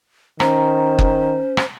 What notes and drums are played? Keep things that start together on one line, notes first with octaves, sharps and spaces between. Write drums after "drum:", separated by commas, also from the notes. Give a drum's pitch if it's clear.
D#3 C#4 C5 A#5, drum: rim click
drum: kick F#1
drum: rim click